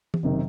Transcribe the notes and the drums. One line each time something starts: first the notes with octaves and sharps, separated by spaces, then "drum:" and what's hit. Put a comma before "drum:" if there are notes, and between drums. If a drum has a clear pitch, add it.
drum: tom
F#1 C3 D#3